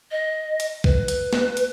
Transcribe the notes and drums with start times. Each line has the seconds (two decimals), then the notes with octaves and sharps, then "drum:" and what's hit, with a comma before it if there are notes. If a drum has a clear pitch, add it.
0.11 D#5
0.60 drum: hi-hat
0.84 B4, drum: kick C2
1.08 drum: hi-hat
1.33 drum: snare
1.57 drum: hi-hat